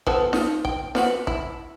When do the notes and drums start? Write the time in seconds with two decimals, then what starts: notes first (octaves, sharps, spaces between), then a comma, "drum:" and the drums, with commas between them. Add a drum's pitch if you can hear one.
0.07 F3 B3 A4, drum: kick
0.33 D#4 F4, drum: snare E4
0.65 G5, drum: kick
0.95 F3 B3 F#4, drum: snare E4
1.27 E4, drum: kick